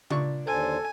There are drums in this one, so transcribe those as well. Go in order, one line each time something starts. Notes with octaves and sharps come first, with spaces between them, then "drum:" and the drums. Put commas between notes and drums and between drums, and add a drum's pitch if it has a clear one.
A#2 D4 C#6, drum: tom C#3
D#2 D3 A4 C5 G#5